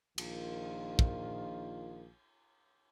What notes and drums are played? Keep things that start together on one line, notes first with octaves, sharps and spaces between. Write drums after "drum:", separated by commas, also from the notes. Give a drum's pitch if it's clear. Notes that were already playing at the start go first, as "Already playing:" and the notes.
A#1 D#3 F4, drum: cymbal
drum: kick